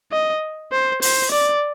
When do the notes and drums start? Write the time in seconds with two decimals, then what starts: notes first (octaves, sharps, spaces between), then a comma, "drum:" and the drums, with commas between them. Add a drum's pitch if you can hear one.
0.12 D#5
0.72 C5
1.02 C5, drum: open hi-hat
1.32 D5